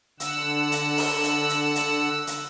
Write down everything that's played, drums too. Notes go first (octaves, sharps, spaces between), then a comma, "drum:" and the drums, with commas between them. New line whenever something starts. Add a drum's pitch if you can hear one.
D3 F#5 E6, drum: hi-hat
drum: hi-hat
drum: open hi-hat
drum: hi-hat
drum: hi-hat
drum: hi-hat
drum: hi-hat